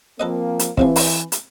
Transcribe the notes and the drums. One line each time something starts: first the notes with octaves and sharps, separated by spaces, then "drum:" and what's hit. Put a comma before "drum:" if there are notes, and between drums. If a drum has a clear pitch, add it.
F3 A#3 C4 A4 B4 D#5
drum: hi-hat
F2 C3 E3 F3, drum: kick
drum: open hi-hat
drum: hi-hat